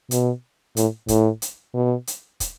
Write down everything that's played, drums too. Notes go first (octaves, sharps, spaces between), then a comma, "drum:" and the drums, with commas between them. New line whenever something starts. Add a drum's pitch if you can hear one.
B2, drum: hi-hat
A2, drum: hi-hat
A2, drum: kick, hi-hat
drum: hi-hat
B2
drum: hi-hat
drum: kick, hi-hat